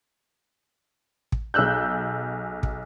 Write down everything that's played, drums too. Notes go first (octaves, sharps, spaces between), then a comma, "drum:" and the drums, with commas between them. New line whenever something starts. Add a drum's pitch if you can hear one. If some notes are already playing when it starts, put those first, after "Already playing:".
drum: kick
B1 G#4 E6 F#6 G6
drum: kick